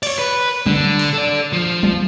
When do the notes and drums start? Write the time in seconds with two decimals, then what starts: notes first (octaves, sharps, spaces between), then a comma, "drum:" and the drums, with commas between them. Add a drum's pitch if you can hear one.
0.03 C#5 D5, drum: cymbal
0.19 B4
0.66 D3, drum: tom F#3
0.99 drum: open hi-hat
1.13 A4 D5
1.53 F3
1.83 drum: tom F#3